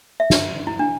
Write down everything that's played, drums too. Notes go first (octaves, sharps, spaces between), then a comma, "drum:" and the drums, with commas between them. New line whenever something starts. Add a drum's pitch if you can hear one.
E5
drum: snare
E4
D4